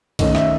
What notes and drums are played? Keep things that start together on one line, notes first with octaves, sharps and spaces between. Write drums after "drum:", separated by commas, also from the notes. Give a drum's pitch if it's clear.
D#3 A3 C#4 D#5, drum: kick C2, cymbal
E5, drum: rim click